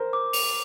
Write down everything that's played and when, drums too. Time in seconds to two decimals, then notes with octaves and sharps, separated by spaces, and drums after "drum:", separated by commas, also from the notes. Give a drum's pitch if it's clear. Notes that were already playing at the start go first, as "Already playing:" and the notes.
Already playing: A#4 C5
0.13 D6
0.33 F7, drum: open hi-hat